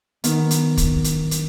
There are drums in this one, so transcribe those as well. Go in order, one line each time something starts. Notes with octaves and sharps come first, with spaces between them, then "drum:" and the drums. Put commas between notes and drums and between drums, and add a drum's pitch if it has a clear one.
D#3 B3, drum: hi-hat
drum: hi-hat
drum: kick, hi-hat
drum: hi-hat
drum: hi-hat